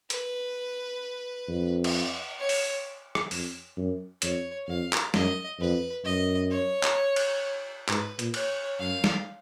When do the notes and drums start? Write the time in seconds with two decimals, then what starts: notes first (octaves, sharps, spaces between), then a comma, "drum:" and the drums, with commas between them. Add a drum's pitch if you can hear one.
0.10 B4, drum: hi-hat
1.48 F2
1.84 drum: cymbal
2.39 C#5
2.49 drum: open hi-hat
3.15 drum: rim click
3.31 F2, drum: open hi-hat
3.77 F#2
4.22 F2 C#5, drum: hi-hat
4.68 F2 F5
4.93 drum: clap
5.14 F#2 D#5, drum: snare
5.60 F2 B4
6.05 F#2 D#5
6.51 C#5
6.83 drum: clap
7.16 drum: cymbal
7.88 G#2 B4, drum: clap
8.19 A#2, drum: hi-hat
8.34 C#5, drum: cymbal
8.79 F#2 F5
9.04 drum: snare